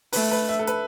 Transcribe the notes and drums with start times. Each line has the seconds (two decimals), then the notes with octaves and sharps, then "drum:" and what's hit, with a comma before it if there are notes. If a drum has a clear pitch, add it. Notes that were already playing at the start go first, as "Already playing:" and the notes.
0.13 A3 B4, drum: open hi-hat
0.31 B4
0.49 E5
0.59 A4
0.67 B4, drum: hi-hat